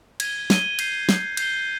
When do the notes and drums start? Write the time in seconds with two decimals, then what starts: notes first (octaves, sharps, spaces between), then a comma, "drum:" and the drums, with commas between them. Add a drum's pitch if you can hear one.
0.20 G#6 D#7 G7, drum: cymbal
0.50 G#6 D#7 G7, drum: snare
0.79 G6 C7 G7, drum: cymbal
1.09 G6 C7 G7, drum: snare
1.37 G6 C7 G7, drum: cymbal